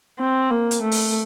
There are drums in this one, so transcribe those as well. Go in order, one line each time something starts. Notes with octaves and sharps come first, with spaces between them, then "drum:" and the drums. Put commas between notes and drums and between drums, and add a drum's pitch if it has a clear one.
C4
A#3
drum: hi-hat
A3
drum: open hi-hat